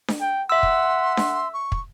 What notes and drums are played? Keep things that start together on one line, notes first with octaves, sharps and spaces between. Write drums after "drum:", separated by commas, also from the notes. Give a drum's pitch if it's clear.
drum: snare D4
G5
E5 F#5 C6 E6
drum: kick
drum: snare D4
C#6
drum: kick